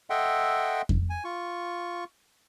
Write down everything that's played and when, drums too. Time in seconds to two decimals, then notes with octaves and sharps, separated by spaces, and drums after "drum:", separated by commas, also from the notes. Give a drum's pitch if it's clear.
0.10 A4 D#5 E5 F#5 G5 C6
0.89 drum: kick F2
1.10 G#5
1.24 F4 C#6